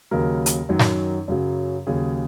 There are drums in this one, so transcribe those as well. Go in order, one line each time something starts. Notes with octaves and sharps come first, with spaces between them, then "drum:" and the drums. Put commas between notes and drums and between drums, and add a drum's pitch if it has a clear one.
D#2 C#3 F#3 A#4
drum: hi-hat
F#2 D#3 F#3
drum: snare
F#2 C#3 F#3
D#2 C#3 F#3 G#4